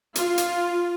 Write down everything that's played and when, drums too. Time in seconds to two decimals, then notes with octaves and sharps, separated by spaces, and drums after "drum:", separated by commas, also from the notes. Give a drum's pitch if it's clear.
0.15 F4, drum: hi-hat
0.38 drum: hi-hat